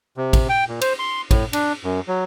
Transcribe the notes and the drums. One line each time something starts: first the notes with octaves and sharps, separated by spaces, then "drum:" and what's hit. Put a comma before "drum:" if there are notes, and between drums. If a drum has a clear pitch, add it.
C3
drum: kick, cymbal
G5
A#2
C5, drum: cymbal
C6
A2, drum: kick, cymbal
D4, drum: cymbal
F#2
F#3